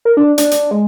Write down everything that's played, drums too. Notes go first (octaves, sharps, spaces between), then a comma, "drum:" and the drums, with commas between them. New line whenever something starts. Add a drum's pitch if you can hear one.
A#4
D4
D4, drum: hi-hat
drum: hi-hat
G#3